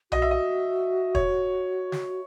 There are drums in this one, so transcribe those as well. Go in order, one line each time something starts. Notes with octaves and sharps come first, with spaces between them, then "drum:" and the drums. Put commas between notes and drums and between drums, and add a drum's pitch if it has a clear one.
F#4 D#5, drum: tom B1
E5
D#5
C#5, drum: kick
drum: snare